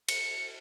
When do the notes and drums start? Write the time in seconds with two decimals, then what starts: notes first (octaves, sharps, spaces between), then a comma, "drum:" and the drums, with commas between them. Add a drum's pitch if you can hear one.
0.09 C#7, drum: cymbal